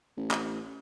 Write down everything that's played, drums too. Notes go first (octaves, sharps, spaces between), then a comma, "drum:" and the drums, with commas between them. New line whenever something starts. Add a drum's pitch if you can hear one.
A1
drum: clap